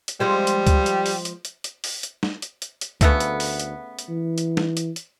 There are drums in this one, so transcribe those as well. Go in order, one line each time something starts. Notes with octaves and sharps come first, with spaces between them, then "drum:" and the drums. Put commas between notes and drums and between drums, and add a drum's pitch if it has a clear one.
drum: hi-hat
F3 G3 G#3 C4
drum: hi-hat
drum: kick C#2, hi-hat
drum: hi-hat
drum: open hi-hat
drum: hi-hat
drum: hi-hat
drum: hi-hat
drum: open hi-hat
drum: hi-hat
drum: snare
drum: hi-hat
drum: hi-hat
drum: hi-hat
D2 C#3 A3 B3, drum: kick C#2, hi-hat
drum: hi-hat
drum: open hi-hat
drum: hi-hat
drum: hi-hat
E3
drum: hi-hat
drum: snare
drum: hi-hat
drum: hi-hat